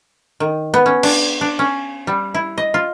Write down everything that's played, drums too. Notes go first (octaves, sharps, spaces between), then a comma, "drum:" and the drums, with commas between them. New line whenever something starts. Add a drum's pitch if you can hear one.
D#3
B3
C#4
D4, drum: cymbal
D4
C#4
G3
E4
D#5
F4